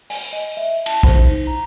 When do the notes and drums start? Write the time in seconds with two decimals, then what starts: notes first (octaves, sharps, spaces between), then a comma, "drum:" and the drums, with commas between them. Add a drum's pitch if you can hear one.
0.10 G#5, drum: open hi-hat
0.33 D#5
0.57 E5
0.86 A5, drum: cymbal
1.03 C5, drum: kick
1.17 D#4
1.31 D#4
1.47 A#5